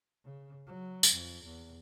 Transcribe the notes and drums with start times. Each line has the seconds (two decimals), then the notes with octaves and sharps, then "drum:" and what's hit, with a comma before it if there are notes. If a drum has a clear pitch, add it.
0.25 C#3
0.67 F#3
1.03 drum: tambourine
1.12 F2
1.45 E2